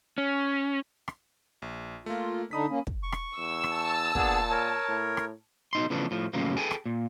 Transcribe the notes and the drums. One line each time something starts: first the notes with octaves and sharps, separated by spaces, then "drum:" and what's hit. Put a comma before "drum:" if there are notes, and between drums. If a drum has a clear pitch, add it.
C#4
drum: rim click
A#1
A3 A#3 F4
D3 D4 D#4 B5 D#6 B6
A#3 C#4
drum: kick
C#6
drum: rim click
E2 E6
drum: rim click
A5
A#2 B3 D4 G#4, drum: kick
A#4 C#5
A2
drum: rim click
B2 D#4 C6
C#3 E3 F3 A3 B3 D4
A2 F3
F#2 A2 C#3 E3 F3 A#3
G#4 A4 B4 G5 G#5
drum: rim click
A#2